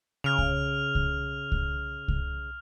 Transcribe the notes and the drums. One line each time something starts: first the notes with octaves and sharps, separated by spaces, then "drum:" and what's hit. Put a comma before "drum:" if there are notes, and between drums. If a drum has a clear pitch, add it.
C#3 F6 F7
drum: kick C2
drum: kick C2
drum: kick C2
drum: kick C2